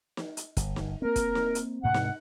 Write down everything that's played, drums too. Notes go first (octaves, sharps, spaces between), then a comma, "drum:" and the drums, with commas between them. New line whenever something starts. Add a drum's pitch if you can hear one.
drum: snare
drum: hi-hat
G1, drum: kick F1, hi-hat
drum: snare
A#3 C4 A#4
drum: kick F1, hi-hat
drum: snare
drum: hi-hat
D2 G#2 C3 F#5
drum: snare